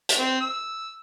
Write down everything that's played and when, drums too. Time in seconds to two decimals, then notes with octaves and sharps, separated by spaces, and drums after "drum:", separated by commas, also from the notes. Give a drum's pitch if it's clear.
0.09 drum: hi-hat
0.19 C4
0.41 E6